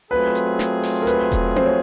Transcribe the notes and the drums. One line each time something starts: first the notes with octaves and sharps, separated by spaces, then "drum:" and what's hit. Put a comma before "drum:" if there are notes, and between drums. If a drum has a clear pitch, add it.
F#3 A3 C4 F4 G#4 B4
drum: hi-hat
drum: snare
drum: open hi-hat
A#4
B4, drum: hi-hat
drum: kick E1, hi-hat
C5, drum: tom C4
C#5